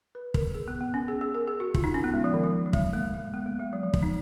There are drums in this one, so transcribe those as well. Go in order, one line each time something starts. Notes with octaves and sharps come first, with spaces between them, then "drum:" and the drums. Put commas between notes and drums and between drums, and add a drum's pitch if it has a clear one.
B4
A#4, drum: kick
G#4
B3
B3
C#4
G#4
G#4
A#4
G#4
F#4
F4, drum: kick
D#4
C#4
B3
G#3
F3
D#3
F3
F#3
G#3, drum: kick
A#3
G#3
B3
A#3
G#3
F#3
F3
F3, drum: kick
D#4